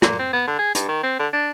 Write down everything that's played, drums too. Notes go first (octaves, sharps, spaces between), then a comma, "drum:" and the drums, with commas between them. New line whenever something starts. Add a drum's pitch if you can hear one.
A#2, drum: rim click
C4
B3
D3
G#4
G2, drum: hi-hat
D#3
C4
D3
D4